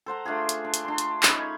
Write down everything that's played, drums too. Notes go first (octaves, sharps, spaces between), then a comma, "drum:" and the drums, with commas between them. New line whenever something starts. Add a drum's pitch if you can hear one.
A4 C5 F#5 A#5
A3 D4 F4 G#4
drum: hi-hat
D4
drum: hi-hat
D4 C6
drum: hi-hat
C#4 D#4 C#5 B5, drum: clap